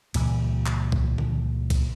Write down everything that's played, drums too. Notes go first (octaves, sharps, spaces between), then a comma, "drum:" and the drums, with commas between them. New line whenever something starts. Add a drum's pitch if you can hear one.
C#2 A#2 E3 G3, drum: cymbal
drum: clap
drum: kick B1
drum: tom D3
drum: kick B1, cymbal